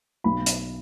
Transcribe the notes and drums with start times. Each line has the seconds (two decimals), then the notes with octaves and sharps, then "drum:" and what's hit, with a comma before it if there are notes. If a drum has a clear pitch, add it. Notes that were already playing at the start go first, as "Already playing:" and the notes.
0.24 B1 B5
0.46 drum: hi-hat